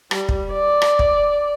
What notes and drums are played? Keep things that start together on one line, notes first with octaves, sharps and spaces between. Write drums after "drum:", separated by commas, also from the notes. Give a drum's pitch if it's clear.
G3, drum: rim click
drum: kick
D5
drum: rim click
drum: kick